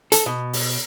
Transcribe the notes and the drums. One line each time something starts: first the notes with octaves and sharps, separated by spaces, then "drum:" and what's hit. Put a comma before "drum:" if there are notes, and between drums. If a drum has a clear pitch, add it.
A4, drum: hi-hat
B2
drum: open hi-hat